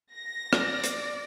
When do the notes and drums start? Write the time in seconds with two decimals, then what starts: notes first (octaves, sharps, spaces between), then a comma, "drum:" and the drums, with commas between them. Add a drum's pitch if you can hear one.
0.14 A#6
0.53 D5, drum: rim click
0.84 drum: hi-hat